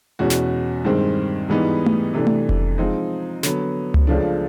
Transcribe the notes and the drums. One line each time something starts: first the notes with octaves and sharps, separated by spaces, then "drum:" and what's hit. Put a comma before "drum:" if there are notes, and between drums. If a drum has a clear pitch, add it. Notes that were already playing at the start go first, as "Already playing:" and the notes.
E2 B2 G#3 C#4 F#4
drum: snare
G2 D#3 G#3 C4
G#2 E3 G3 B3 D#4
drum: tom A3
C3 E3 A3 D4
drum: tom A3
drum: kick F1
F3 G#3 C4 D#4
D3 F#3 B3, drum: snare
drum: tom C#2
C#2 C#3 F3 A3 D4